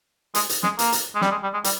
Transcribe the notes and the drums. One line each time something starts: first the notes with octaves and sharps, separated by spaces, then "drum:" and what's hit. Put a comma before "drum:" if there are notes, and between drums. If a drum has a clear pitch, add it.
G#3, drum: hi-hat
drum: hi-hat
G#3, drum: snare
A#3, drum: hi-hat
drum: hi-hat
G#3
G3, drum: snare
G#3
G3
G#3
G3, drum: hi-hat